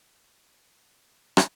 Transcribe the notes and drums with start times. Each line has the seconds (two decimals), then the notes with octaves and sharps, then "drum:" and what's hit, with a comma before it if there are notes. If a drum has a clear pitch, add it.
0.24 D#1 G#2 D#3 F7
1.00 C#4 E4 F#4 D6 E6
1.37 drum: rim click